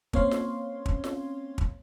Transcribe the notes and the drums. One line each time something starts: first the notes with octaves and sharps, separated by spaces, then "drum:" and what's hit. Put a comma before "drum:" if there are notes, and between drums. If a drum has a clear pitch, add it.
A#3 C4 C#4 C#5 F5 C6, drum: kick
drum: snare
drum: kick
drum: snare
drum: kick